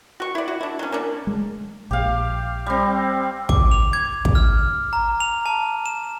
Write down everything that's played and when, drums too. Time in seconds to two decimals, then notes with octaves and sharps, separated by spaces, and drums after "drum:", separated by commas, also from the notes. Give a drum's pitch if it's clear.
0.20 F#4 C#6
0.35 E4 D5
0.48 F#4
0.61 D4 E4
0.79 F#3 C#4
0.92 A#3 C#4 D4
1.27 G#3
1.91 A#1 G4 F5
2.66 G3 C4
3.49 D6, drum: kick
3.71 F7
3.93 G#6
4.25 drum: kick
4.35 F6
4.93 A#5
5.20 F7
5.46 A5
5.86 E7